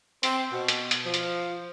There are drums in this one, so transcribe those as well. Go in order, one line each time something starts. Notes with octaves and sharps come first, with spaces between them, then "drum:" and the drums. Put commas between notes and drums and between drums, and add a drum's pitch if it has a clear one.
C4, drum: hi-hat
B2
drum: hi-hat
drum: hi-hat
F3
drum: hi-hat